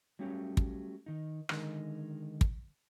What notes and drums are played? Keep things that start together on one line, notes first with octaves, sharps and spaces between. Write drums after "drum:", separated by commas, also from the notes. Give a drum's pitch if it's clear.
F#3 G3 A3 C#4 G4
drum: kick
D#3 D#4
D3 D#3 G#3 D#4 A#4, drum: rim click
drum: kick